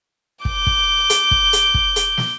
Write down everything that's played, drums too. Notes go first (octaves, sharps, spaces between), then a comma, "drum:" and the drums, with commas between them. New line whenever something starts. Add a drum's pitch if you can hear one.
D6 G6, drum: kick
drum: kick
drum: hi-hat
drum: kick
drum: hi-hat
drum: kick
drum: hi-hat
drum: snare